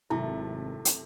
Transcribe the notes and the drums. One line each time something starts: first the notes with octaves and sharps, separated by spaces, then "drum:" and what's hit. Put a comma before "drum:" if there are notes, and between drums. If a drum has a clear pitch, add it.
G#1 F#2 C3 A3 E4 A5
drum: hi-hat